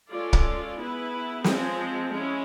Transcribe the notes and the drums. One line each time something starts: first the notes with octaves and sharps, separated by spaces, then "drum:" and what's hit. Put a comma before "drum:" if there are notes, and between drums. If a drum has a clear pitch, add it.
G#3 C#4 F4 A4 D5
drum: kick
B3 E4 G#4 B4
F3 G#3 C4, drum: snare
G#3 C#4 E4